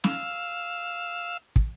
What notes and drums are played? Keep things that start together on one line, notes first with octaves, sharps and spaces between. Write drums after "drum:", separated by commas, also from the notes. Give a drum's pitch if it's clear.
F5 E6, drum: snare
drum: kick